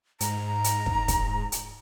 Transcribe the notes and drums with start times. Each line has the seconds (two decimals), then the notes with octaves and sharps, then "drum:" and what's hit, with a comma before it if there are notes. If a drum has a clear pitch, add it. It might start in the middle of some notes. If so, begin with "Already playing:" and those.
0.20 G#2 A#5, drum: hi-hat
0.64 drum: hi-hat
0.86 drum: kick
1.08 drum: kick, hi-hat
1.52 drum: hi-hat